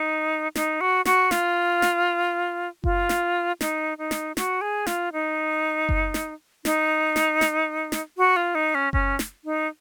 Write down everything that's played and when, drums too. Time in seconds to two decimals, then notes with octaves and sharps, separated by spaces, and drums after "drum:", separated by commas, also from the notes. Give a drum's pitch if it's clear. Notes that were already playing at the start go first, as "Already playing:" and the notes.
Already playing: D#4
0.55 D#4, drum: snare
0.81 F#4
1.05 F#4, drum: snare
1.31 F4, drum: snare
1.82 drum: snare
2.84 F4, drum: kick F#1
3.09 drum: snare
3.61 D#4, drum: snare
3.98 D#4
4.11 drum: snare
4.37 F#4, drum: snare
4.61 G#4
4.87 F4, drum: snare
5.13 D#4
5.89 drum: kick F#1
6.14 drum: snare
6.65 D#4, drum: snare
7.16 drum: snare
7.41 drum: snare
7.92 drum: snare
8.18 F#4
8.36 F4
8.55 D#4
8.75 C#4
8.93 C#4, drum: kick F#1
9.19 drum: snare
9.45 D#4